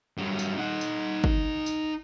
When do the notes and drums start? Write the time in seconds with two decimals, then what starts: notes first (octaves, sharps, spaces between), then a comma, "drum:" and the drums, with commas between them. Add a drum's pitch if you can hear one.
0.18 G2 F#3
0.39 drum: tambourine
0.58 D#4 F#5
0.81 drum: tambourine
1.24 drum: kick
1.66 drum: tambourine